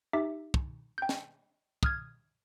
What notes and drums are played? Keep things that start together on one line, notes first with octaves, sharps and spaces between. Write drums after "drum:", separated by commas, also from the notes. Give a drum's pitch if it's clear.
D#4 G4 E5
drum: kick
G5 G6
drum: snare
D#6 F6 G#6, drum: kick